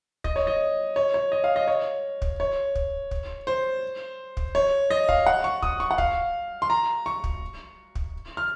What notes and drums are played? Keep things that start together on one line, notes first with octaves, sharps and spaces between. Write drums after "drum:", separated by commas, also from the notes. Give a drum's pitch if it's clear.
D#5, drum: kick
C#5
D#5
C#5
C#5
D#5
F5
D#5
C#5
drum: kick
C#5
drum: kick
drum: kick
C5
drum: kick
C#5
D#5
F5, drum: kick
F#5
C#6
D#6, drum: kick
C#6
F#5
F5, drum: kick
C6
A#5
C#6
drum: kick
drum: kick
F6